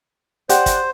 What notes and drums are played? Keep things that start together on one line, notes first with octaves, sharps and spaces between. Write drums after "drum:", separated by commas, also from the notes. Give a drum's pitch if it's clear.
G4 C5 D5 F#5, drum: hi-hat
drum: kick, hi-hat